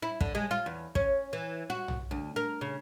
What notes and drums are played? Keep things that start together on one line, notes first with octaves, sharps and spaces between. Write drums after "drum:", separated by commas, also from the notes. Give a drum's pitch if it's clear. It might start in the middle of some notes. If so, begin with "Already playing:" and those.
E4
D3, drum: kick
G#3
F4
E2
C#4, drum: kick
E3
F#4
drum: tom
D2
A#4
C#3